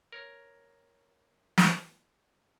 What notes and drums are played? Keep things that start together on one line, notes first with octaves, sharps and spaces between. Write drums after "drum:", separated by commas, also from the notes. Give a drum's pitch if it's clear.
A#4 C#5
drum: snare